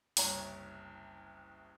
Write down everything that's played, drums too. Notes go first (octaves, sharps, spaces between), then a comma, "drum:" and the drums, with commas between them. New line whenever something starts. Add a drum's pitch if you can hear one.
F#1 C2 C#5 A#5, drum: open hi-hat